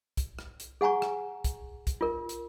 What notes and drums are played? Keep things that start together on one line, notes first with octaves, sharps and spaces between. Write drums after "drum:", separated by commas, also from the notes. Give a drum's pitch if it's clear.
drum: kick B1, hi-hat
drum: rim click
drum: hi-hat
G#4 F#5 G#5 A#5 C#6
drum: rim click
drum: kick B1, hi-hat
drum: kick B1, hi-hat
F4 A#4
drum: hi-hat